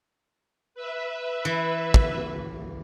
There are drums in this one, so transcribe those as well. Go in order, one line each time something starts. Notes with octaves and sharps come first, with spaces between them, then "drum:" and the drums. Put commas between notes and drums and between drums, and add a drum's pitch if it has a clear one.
B4 E5
E3
drum: kick